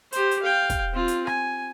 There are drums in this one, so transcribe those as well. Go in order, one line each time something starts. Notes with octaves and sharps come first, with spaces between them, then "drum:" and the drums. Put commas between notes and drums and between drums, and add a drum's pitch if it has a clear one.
G4 C5, drum: hi-hat
drum: hi-hat
F5 G5
drum: kick, hi-hat
C4 F4
drum: hi-hat
G#5, drum: rim click